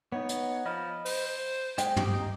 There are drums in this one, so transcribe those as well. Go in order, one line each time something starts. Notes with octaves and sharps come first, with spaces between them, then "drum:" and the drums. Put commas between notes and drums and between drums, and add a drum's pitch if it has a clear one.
B3 D#4 C#5
drum: hi-hat
F3 D#5 B5 F6
C5, drum: open hi-hat
G#3 G5, drum: hi-hat
D#4 G4, drum: tom